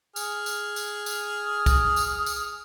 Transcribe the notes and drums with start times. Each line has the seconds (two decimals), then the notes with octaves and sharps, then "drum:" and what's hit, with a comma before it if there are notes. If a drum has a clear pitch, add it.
0.16 G#4 F6, drum: tambourine
0.46 drum: tambourine
0.76 drum: tambourine
1.06 drum: tambourine
1.43 D#6
1.66 drum: kick, tambourine
1.96 drum: tambourine
2.26 drum: tambourine